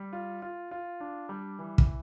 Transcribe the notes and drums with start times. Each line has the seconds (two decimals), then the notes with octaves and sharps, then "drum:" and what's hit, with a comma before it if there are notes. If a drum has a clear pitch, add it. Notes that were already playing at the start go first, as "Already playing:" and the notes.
Already playing: G3
0.13 F4
0.42 F4
0.71 F4
1.00 D4
1.29 G3
1.59 E3
1.78 drum: kick